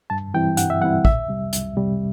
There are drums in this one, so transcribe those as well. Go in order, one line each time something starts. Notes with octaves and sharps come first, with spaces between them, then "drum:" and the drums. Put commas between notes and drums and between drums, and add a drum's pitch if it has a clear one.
G2 A5
E3 G3 C4 E4 G5
G2 F#5, drum: hi-hat
E5
E3 G3 C4 E4 F#5
C2 E5, drum: kick
C3 G3
C2, drum: hi-hat
C3 G3